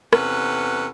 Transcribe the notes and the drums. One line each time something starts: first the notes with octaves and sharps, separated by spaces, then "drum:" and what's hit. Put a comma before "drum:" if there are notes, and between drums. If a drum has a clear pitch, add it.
E2 C3 C#4 A4 B4 F#5, drum: rim click